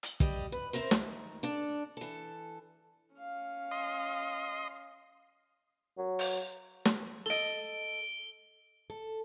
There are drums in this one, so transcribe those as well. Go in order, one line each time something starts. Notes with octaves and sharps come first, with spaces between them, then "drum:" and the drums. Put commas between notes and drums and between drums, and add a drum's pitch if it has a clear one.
drum: hi-hat
G3 G4 D#5, drum: kick
B4
C4 E4 A#4 C5
D#3, drum: snare
D4 A4 D5
E3 A4
C#4 F5
D#5 C6
F#3
drum: open hi-hat
drum: snare
A4 D#5 D7 G7
A4